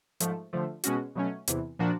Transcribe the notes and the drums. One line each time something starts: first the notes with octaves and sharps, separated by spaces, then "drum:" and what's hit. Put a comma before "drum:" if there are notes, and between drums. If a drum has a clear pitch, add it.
G#2 F3 A3, drum: hi-hat
D3 F3 A3
B2 G#3 C#4 F#4, drum: hi-hat
B2 F#3 A3 C#4
E2 C3 E3, drum: hi-hat
A#2 F3 A#3 D4 F#4